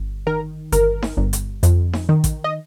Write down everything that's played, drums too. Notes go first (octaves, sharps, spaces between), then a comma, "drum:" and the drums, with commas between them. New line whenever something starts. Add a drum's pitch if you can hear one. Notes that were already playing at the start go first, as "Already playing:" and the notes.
Already playing: G1
D#3 A#4
G1 A#4, drum: hi-hat
drum: snare D#4
G1
drum: hi-hat
F2, drum: hi-hat
drum: snare D#4
D#3
drum: kick A1, hi-hat
D#5